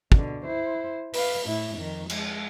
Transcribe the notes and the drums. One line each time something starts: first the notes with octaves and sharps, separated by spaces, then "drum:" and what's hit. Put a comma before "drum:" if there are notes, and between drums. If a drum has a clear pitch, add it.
B2 D3, drum: kick
E4 C5
B4 F5, drum: open hi-hat
A2 E4
F2 D#3
G#3, drum: cymbal